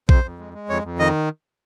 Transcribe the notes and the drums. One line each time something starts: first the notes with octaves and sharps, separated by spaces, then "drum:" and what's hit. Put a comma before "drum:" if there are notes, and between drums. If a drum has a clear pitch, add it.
F2 C5, drum: kick A#1
F2
G#3
G#3
F2 C#5
F2
D#3 D#5